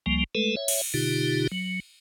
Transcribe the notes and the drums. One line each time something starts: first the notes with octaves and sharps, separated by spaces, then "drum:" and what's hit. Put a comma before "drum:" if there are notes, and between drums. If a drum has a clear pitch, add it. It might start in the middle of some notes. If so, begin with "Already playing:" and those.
C#2 F3 G3 A#3
G#3 A3 A4 B4
C#5 E5
drum: cymbal
B2 D3 D#4 F4 G4
F#3